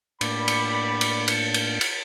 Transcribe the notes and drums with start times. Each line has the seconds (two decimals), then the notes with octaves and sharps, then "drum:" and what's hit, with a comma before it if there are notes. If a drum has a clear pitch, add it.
0.21 A2 G3 A#3 D4 D5 B5, drum: cymbal
0.48 drum: cymbal
1.01 drum: cymbal
1.28 drum: cymbal
1.54 drum: cymbal
1.81 drum: cymbal